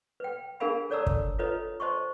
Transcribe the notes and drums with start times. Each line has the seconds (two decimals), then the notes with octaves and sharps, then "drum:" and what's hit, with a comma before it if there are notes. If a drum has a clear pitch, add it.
0.20 B4 G5
0.60 D4 G#4 A#4 F5 G#5 B5
0.90 A4 C#5 D5 A5 A#5 E6
1.07 drum: kick
1.39 F4 A4 B4 C#5 D#5 A#5
1.80 C5 D#5 A5 C6 C#6